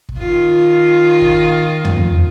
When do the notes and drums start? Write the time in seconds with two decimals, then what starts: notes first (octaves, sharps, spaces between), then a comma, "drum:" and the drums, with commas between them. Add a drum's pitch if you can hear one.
0.09 drum: kick
0.19 D#3 F4
1.21 drum: kick
1.85 drum: tom